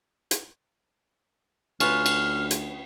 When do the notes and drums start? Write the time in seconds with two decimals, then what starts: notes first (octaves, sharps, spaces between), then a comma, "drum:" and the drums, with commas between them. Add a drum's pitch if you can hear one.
0.31 drum: hi-hat
1.80 D2 C#4 F4 B4 F6, drum: cymbal
2.06 drum: cymbal
2.51 drum: hi-hat